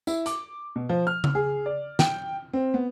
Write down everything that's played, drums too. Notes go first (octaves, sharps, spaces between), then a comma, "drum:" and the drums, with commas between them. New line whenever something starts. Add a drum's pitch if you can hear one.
E4, drum: tambourine
D6, drum: hi-hat
B2
F3
F6
drum: tom C#3
G#4
D5
G5, drum: snare
C4
B3